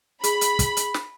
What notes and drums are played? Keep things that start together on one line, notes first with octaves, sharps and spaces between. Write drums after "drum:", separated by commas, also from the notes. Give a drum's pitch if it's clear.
G#4 B5, drum: hi-hat
drum: hi-hat
drum: kick, hi-hat
drum: hi-hat
drum: snare